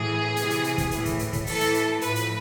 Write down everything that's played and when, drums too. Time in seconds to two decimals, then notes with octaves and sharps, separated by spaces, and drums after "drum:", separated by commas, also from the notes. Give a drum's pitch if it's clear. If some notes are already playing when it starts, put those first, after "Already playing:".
Already playing: A2 E3 G#4
0.36 C3 E3, drum: hi-hat
0.50 drum: hi-hat
0.64 drum: hi-hat
0.78 drum: kick, hi-hat
0.91 A2 E3, drum: hi-hat
1.05 drum: kick, hi-hat
1.19 drum: hi-hat
1.33 drum: kick, hi-hat
1.47 A2 E3 A4, drum: open hi-hat
1.60 drum: hi-hat
1.74 drum: hi-hat
2.01 A2 F3 B4, drum: hi-hat
2.16 drum: hi-hat